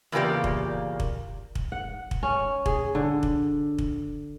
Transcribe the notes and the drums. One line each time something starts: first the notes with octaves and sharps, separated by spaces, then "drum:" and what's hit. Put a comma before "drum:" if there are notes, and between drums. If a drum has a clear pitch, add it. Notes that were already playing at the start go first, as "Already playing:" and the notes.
E2 A#2 C#3 A#3 G4 D5
drum: kick
drum: kick
drum: kick
F#5
drum: kick
C#4
G#4, drum: kick
D3
drum: kick
drum: kick